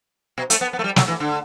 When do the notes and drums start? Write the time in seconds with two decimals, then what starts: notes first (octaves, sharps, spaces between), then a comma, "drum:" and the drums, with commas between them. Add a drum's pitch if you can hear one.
0.38 B2
0.50 A3, drum: hi-hat
0.61 B3
0.73 B3
0.79 A3
0.84 G3
0.96 F#3, drum: snare
1.08 E3
1.20 D3